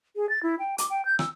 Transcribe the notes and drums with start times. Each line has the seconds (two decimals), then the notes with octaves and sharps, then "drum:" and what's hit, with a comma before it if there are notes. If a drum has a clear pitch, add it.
0.16 G#4
0.29 A6
0.43 E4
0.59 G5
0.78 D6, drum: hi-hat
0.90 G5
1.05 G6
1.19 E6, drum: rim click